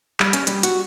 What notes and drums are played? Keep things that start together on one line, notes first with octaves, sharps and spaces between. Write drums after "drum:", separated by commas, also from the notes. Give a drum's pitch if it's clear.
G3, drum: clap
C#4, drum: hi-hat
G3, drum: hi-hat
F#4, drum: hi-hat